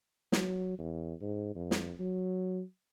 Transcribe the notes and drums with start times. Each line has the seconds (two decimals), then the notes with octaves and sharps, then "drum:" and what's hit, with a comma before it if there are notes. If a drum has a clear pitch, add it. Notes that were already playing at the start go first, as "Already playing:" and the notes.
0.32 F#3, drum: snare
0.78 E2
1.21 G#2
1.55 F2
1.71 drum: snare
1.99 F#3